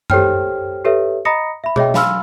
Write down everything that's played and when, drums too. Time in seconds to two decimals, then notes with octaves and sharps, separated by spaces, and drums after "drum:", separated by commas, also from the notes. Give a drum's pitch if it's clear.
0.10 G4 A4 C5 C#5 G5 F6, drum: tom F#2
0.85 G4 A4 B4 C#5 E5
1.25 D#5 A#5 B5 D#6 A#6 C#7
1.64 E5 B5
1.76 G#4 C#5 D#5 E5 G5, drum: tom B2
1.94 F5 G#5 B5 C6 E6 F6, drum: snare